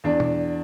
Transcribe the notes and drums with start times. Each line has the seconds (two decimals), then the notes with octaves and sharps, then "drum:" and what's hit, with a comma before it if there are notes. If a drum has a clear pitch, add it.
0.04 E2 D4 D5
0.20 drum: tom